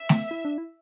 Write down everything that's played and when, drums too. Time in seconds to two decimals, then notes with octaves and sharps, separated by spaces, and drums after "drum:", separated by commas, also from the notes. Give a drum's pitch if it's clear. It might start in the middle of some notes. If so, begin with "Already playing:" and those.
Already playing: E5
0.09 drum: snare A3
0.31 E4
0.45 D4
0.58 E4